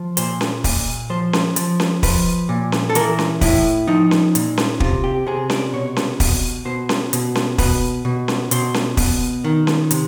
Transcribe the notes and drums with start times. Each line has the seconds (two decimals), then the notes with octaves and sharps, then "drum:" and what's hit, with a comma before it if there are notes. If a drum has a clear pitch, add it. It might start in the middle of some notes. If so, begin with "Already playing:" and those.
Already playing: F3
0.17 A#2 C5, drum: hi-hat
0.41 drum: snare C#4
0.64 A#2, drum: kick, open hi-hat
1.10 F3 C5
1.33 drum: snare C#4
1.56 F3, drum: hi-hat
1.80 drum: snare C#4
2.03 F3 B4, drum: kick, open hi-hat
2.49 A#2
2.72 drum: snare C#4
2.90 A4
2.95 E3 A#4, drum: hi-hat
3.19 drum: snare C#4
3.41 A2 E4, drum: kick, open hi-hat
3.87 F3 D#4
4.11 drum: snare C#4
4.35 A#2, drum: hi-hat
4.58 drum: snare C#4
4.80 C3 F4, drum: kick
5.04 G4
5.26 C3 G#4
5.50 D5, drum: snare C#4
5.73 B2 C#5
5.96 drum: snare C#4
6.20 B2, drum: kick, open hi-hat
6.65 B2 C5
6.89 drum: snare C#4
7.13 B2, drum: hi-hat
7.35 drum: snare C#4
7.58 B2 B4, drum: kick, open hi-hat
8.05 B2
8.28 drum: snare C#4
8.51 B2 C5, drum: hi-hat
8.74 drum: snare C#4
8.97 B2, drum: kick, open hi-hat
9.44 D#3
9.67 drum: snare C#4
9.91 C3, drum: hi-hat